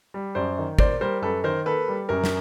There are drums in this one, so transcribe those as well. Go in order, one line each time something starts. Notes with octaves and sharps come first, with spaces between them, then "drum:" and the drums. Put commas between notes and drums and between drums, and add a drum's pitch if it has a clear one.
G3
F#2 C5 D5
D#3
A#3 C5 D5, drum: kick
G3 A#4 C5
F#2 A4 B4
D#3 A#4 C5
A#3 A4 B4
G3
F#2 A#4
drum: snare